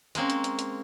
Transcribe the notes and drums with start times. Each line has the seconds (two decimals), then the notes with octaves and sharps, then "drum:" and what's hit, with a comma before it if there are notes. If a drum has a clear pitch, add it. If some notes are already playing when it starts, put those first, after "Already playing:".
0.15 G#3 A#3 C4 C#4, drum: hi-hat
0.30 drum: hi-hat
0.44 drum: hi-hat
0.59 drum: hi-hat